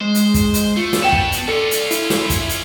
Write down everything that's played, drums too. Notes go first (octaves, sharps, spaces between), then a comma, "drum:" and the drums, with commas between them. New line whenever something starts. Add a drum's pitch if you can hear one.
G#3 C5
drum: hi-hat
drum: kick, hi-hat
drum: hi-hat
A3 F4
drum: snare
B3 F#4 G5 A5 E7
drum: kick
drum: hi-hat
C#4 F4 A4 D5 C#7
drum: hi-hat
E4, drum: hi-hat
drum: snare
drum: kick, hi-hat
drum: hi-hat